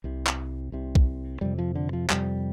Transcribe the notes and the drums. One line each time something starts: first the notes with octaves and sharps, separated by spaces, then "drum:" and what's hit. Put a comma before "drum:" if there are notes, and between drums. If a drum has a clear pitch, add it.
C2 C3
drum: clap
C2 C3
drum: kick
F2 C3 G3
F3
D3
F3
F2 C3 G3, drum: clap